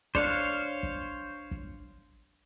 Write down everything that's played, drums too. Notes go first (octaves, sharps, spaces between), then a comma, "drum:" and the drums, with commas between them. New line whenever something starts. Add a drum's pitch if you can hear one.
D4 C5 C#5 F5, drum: kick
drum: kick
drum: kick